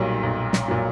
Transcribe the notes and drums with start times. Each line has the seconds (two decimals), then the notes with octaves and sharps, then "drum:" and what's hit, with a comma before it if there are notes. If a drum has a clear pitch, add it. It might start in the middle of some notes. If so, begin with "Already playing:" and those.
Already playing: B1 A#2 F#3 G3
0.23 B1
0.53 drum: snare
0.68 A#2 F#3